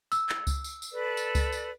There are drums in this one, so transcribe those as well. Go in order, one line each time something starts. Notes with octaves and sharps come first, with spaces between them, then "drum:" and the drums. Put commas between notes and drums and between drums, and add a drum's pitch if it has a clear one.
E6, drum: tambourine
drum: clap
drum: kick C#2, tambourine
drum: tambourine
drum: tambourine
A4 B4 D5
drum: tambourine
drum: kick C#2, tambourine
drum: tambourine